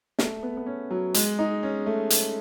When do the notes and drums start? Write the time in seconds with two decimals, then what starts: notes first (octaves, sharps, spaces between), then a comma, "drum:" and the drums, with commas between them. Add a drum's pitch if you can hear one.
0.19 A3, drum: snare
0.43 B3
0.57 B3
0.66 C#4
0.91 F#3
1.14 G#3, drum: hi-hat
1.39 D#4
1.63 C#4
1.86 A3
2.10 drum: hi-hat